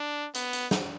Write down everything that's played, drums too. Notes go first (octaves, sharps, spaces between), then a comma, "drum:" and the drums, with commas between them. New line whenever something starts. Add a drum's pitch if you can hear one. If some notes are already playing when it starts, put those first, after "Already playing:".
Already playing: D4
B3, drum: hi-hat
drum: hi-hat
drum: snare